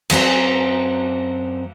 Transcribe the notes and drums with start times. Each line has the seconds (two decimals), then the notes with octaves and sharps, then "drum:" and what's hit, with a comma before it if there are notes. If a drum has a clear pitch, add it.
0.10 F#2 F#3 C4 A#5, drum: cymbal